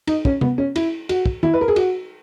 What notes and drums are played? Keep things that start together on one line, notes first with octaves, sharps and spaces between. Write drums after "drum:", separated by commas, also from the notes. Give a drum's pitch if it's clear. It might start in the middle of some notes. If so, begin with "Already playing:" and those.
D#4, drum: cymbal
C#4, drum: kick
B3, drum: tom C3
C#4
E4, drum: cymbal
F#4, drum: cymbal
drum: kick
E4, drum: tom
B4
A#4
G#4
F#4, drum: cymbal